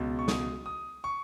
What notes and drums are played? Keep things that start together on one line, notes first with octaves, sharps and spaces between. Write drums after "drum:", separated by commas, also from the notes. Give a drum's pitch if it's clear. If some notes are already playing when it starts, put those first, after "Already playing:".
Already playing: C#2 B2
C#6
D#6, drum: snare
D#6
C#6